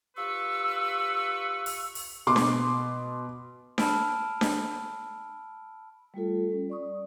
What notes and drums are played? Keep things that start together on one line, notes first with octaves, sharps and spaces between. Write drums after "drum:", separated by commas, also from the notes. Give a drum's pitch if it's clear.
F4 G4 B4 C#6 E6
drum: open hi-hat
drum: open hi-hat
B2 C6 D6
drum: snare D4
A5 B5 E6 F6 D7 F7, drum: snare D4
drum: snare D4
G3 A3 F4 A4
G3 C#4
D5 C#6 D#6